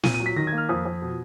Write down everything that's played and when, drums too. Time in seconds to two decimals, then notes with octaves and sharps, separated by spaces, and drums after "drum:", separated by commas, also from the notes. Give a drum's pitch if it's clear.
0.03 A#2 D#7, drum: snare
0.14 D#7
0.20 F#3
0.26 B6
0.36 D#3 A#6
0.47 G#6
0.53 A#3
0.58 F6
0.69 F2 D#6
0.85 F2
1.02 B2